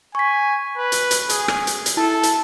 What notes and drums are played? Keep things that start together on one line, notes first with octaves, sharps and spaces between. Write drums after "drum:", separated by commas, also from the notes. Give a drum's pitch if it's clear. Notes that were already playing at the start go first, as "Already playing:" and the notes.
G#5 C#6 B6
B4
drum: hi-hat
drum: hi-hat
G#4, drum: hi-hat
drum: rim click
drum: hi-hat
drum: hi-hat
E4 A4 A5
drum: hi-hat